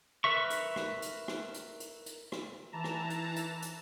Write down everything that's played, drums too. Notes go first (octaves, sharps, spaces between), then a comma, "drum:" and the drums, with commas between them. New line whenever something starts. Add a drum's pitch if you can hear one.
A#4 B4 E5 C#6
drum: hi-hat
drum: rim click
drum: hi-hat
drum: rim click
drum: hi-hat
drum: hi-hat
drum: hi-hat
drum: rim click
E3 A5 A#5
drum: rim click
drum: hi-hat
drum: hi-hat
drum: hi-hat